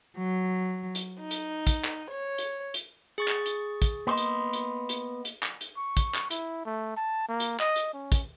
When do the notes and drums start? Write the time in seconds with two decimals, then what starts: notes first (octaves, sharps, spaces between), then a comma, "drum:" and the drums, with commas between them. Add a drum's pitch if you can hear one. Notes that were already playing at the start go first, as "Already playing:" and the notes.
0.17 F#3
0.95 drum: hi-hat
1.19 D#4
1.31 drum: hi-hat
1.67 drum: kick, hi-hat
1.85 drum: clap
2.10 C#5
2.38 drum: hi-hat
2.74 drum: hi-hat
3.18 G#4 C#6 A6
3.28 drum: clap
3.46 drum: hi-hat
3.82 drum: kick, hi-hat
4.07 A#3 B3 D#5 C6
4.17 drum: hi-hat
4.53 drum: hi-hat
4.89 drum: hi-hat
5.25 drum: hi-hat
5.43 drum: clap
5.61 drum: hi-hat
5.77 C#6
5.97 drum: kick, hi-hat
6.15 drum: clap
6.31 E4, drum: hi-hat
6.66 A3
6.97 A5
7.29 A#3
7.40 drum: hi-hat
7.60 D#5, drum: clap
7.76 drum: hi-hat
7.94 C#4
8.12 drum: kick, hi-hat